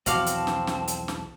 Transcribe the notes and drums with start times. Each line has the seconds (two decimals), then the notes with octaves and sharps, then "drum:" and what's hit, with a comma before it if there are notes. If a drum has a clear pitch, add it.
0.06 B1 E2 F3 C4 F#4 F5 A5 D6, drum: hi-hat
0.27 drum: hi-hat
0.47 drum: snare
0.67 drum: snare
0.88 drum: hi-hat
1.08 drum: snare